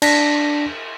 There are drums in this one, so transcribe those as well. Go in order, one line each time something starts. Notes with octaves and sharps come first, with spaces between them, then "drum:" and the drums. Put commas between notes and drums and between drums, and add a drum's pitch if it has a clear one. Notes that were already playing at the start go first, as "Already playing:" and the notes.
D4 A#6 B6, drum: cymbal